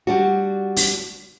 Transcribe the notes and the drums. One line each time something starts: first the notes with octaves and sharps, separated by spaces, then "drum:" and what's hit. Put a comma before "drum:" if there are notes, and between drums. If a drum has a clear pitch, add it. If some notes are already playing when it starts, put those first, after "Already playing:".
G3 D4 F#4
drum: open hi-hat